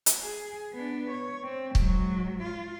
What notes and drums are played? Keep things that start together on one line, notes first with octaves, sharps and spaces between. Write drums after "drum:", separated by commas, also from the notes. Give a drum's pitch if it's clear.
drum: hi-hat
G#4
B3 D4
C#5
C4
G#2 F#3, drum: kick
F4